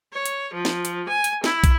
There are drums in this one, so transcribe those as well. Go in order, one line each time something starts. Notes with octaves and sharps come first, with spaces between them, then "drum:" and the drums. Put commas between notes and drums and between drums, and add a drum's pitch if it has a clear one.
C#5
drum: hi-hat
F3
drum: snare
drum: hi-hat
G#5
drum: hi-hat
E4, drum: snare
drum: kick, hi-hat